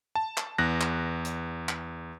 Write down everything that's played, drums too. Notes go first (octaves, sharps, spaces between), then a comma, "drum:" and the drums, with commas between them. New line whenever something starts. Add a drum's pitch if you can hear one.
A5
drum: clap
E2 F#6 A#6
drum: clap
drum: hi-hat
drum: clap